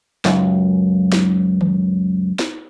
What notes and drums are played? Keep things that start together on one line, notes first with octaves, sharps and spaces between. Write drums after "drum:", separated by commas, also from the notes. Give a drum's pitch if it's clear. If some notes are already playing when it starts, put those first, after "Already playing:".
C#2 F#2, drum: snare
drum: snare
drum: tom D#3
drum: snare